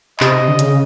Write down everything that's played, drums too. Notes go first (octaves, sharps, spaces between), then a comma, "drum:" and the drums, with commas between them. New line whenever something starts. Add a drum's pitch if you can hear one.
C3 D#5, drum: clap
D3
C#3, drum: hi-hat